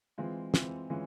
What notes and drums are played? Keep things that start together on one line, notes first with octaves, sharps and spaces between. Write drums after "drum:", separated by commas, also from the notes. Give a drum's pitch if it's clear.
E3 G#3 C4 F4
E3 G#3 C4 F4, drum: snare
E3 G#3 C#4 F4